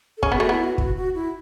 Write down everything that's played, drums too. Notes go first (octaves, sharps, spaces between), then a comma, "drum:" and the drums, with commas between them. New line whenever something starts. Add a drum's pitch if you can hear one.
A4
C#4 G#4, drum: kick
B3
A3 F#4
B3 E4
F#4
F#4, drum: kick
F#4
E4